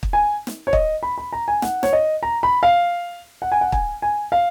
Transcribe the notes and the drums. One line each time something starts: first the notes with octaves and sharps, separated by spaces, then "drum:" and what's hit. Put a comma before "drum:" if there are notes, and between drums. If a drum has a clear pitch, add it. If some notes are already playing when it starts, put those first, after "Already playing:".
drum: kick
G#5
drum: snare
C#5
D#5, drum: kick
B5
B5
A#5
G#5
F#5, drum: snare
C#5, drum: snare
D#5
A#5
B5
F5
F#5
G#5
F#5
G#5, drum: kick
G#5
F5